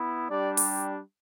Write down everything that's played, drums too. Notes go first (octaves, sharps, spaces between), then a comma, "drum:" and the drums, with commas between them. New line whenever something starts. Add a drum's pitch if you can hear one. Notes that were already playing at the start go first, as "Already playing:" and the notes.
Already playing: B3 E4
G3 D4 G4 D5
drum: open hi-hat